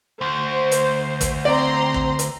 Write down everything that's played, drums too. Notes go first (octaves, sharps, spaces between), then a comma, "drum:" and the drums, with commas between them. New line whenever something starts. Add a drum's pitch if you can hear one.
D2 C5
drum: hi-hat
drum: kick, hi-hat
C4 D5 A#5 C6
drum: kick
drum: hi-hat